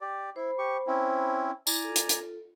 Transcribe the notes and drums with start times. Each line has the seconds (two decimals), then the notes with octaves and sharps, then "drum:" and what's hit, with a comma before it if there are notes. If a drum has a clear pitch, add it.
0.01 G4 D5
0.36 E4 C5 B5
0.58 G4 C#6
0.87 C4 C#4 E4
1.67 E4 D5 G#5 A#5, drum: tambourine
1.84 F4 A4
1.96 drum: hi-hat
2.09 drum: hi-hat